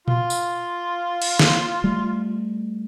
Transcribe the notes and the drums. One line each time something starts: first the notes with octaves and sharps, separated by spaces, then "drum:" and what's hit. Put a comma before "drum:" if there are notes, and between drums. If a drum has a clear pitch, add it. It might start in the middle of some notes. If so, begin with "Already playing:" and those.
F4, drum: tom A#2
drum: tambourine
drum: cymbal
drum: snare
G3 A3